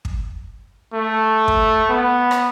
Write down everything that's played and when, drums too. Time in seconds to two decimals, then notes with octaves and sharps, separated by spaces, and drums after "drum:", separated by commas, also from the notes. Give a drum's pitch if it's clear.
0.05 drum: kick
0.94 A3
1.48 drum: kick
1.90 B3
2.31 drum: rim click